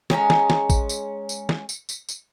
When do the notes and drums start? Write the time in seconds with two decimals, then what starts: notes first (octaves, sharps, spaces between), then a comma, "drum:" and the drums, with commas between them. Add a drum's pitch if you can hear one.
0.10 G#3 C#4 G#5 A#5, drum: snare
0.30 drum: snare
0.50 drum: snare
0.70 drum: kick, tambourine
0.89 drum: tambourine
1.29 drum: tambourine
1.49 drum: snare
1.69 drum: tambourine
1.89 drum: tambourine
2.09 drum: tambourine